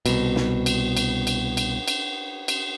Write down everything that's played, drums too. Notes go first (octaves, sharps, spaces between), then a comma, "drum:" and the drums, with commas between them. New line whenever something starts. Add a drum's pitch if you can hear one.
C2 B2, drum: cymbal
drum: snare
drum: cymbal
drum: cymbal
drum: cymbal
drum: cymbal
drum: cymbal
drum: cymbal